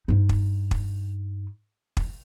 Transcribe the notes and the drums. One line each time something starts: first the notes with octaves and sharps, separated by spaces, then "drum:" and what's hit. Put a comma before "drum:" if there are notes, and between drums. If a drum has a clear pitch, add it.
G2 D#4
drum: kick
drum: kick
drum: kick